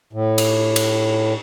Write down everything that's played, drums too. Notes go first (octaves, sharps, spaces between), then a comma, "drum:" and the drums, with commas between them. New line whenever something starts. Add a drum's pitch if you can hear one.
A2
drum: cymbal
drum: cymbal